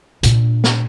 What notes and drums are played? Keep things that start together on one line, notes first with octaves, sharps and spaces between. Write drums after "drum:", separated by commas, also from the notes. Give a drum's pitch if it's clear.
A#2 D4, drum: hi-hat
drum: snare